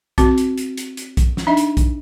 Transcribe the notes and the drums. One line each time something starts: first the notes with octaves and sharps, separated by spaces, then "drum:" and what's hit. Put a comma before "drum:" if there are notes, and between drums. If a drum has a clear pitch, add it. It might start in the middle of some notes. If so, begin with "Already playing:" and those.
C4 F#4, drum: kick A#1, hi-hat
drum: hi-hat
drum: hi-hat
drum: hi-hat
drum: hi-hat
drum: kick A#1, hi-hat
drum: snare
D4 D#4 D#5 E5
drum: hi-hat
drum: kick A#1, hi-hat